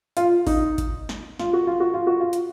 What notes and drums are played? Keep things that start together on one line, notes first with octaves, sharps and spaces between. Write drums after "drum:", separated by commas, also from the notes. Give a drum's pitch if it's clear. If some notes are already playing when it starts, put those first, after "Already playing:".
F4, drum: hi-hat
D#4, drum: kick G#1, open hi-hat
drum: kick G#1, hi-hat
drum: snare
F4, drum: snare
F#4
F4
F#4
F4
F#4
F4
drum: hi-hat